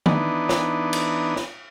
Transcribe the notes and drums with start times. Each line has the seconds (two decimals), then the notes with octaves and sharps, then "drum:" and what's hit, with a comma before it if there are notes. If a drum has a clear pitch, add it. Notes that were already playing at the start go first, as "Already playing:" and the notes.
0.06 E3 B3 D4 D#4, drum: tom D#3
0.49 drum: snare
0.93 drum: cymbal
1.36 drum: snare